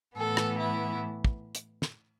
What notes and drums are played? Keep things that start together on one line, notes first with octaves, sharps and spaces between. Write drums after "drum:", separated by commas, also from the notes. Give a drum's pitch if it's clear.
A2 E3 B3 A4
drum: rim click
E4
drum: kick
drum: hi-hat
drum: snare